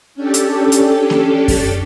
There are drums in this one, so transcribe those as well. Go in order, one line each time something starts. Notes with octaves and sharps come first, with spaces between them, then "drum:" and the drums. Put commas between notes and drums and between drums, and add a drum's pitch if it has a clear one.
C#4 D4 G4 A4
drum: hi-hat
drum: hi-hat
drum: snare A#3
drum: kick F#2, open hi-hat